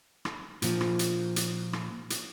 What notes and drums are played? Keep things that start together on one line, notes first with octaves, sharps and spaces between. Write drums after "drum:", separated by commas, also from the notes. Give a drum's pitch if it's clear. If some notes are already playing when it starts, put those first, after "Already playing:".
drum: rim click
A#2 F3, drum: hi-hat
drum: rim click
drum: hi-hat
drum: hi-hat
drum: rim click
drum: hi-hat